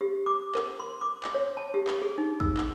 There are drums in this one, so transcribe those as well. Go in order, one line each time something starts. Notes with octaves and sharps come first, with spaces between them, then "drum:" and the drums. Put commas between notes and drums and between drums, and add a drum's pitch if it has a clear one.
G4
D6
A#4, drum: clap
C6
D6
drum: clap
C#5
A5
G4
C#6, drum: clap
G#4
D#4
E6, drum: kick
drum: clap